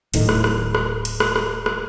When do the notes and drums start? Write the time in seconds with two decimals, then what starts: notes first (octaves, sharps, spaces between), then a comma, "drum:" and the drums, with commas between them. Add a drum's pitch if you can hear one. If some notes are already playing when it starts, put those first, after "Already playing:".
0.14 D1 A2 D#3, drum: hi-hat
0.29 drum: rim click
0.44 drum: rim click
0.75 drum: rim click
1.05 drum: hi-hat
1.20 drum: rim click
1.36 drum: rim click
1.66 drum: rim click